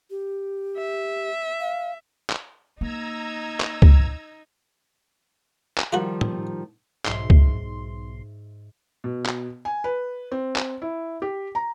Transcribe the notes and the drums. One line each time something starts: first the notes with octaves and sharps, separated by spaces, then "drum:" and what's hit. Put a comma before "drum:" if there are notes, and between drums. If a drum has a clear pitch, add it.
G4
E5
F5
drum: clap
A#3 D#4 A#5 E6 G#6
drum: clap
drum: kick C#2
drum: clap
D#3 F3 G3 F4 F#4
drum: tom
B1 G#2 E5 C6, drum: clap
drum: kick C#2
B2
drum: clap
G#5
B4
C4
drum: clap
E4
G4
A#5